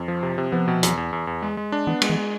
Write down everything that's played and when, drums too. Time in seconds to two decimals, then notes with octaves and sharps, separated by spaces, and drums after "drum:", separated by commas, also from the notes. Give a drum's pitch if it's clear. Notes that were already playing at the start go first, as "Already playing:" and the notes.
Already playing: F2
0.08 F3
0.23 C3
0.38 C3
0.52 F3 B3
0.68 B2
0.83 E2, drum: hi-hat
0.97 E2
1.13 E2
1.27 E2
1.43 G#3
1.57 G#3
1.72 D4
1.87 E3 B3
2.02 G#3, drum: cymbal
2.10 E3
2.17 G#3